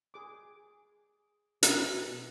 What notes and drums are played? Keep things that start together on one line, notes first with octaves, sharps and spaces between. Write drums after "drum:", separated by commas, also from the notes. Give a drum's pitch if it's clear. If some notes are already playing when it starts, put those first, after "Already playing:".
G#4 D6
B2 G#4 A#5, drum: hi-hat